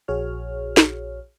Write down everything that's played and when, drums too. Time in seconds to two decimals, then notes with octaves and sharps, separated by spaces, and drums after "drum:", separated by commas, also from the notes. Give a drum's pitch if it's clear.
0.08 A#1 F#4 G#4 C#5 F6
0.77 drum: snare